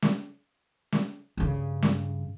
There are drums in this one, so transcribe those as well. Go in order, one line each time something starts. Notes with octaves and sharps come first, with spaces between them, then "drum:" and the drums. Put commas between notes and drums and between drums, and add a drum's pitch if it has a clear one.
drum: snare
drum: snare
G2 C#3
drum: snare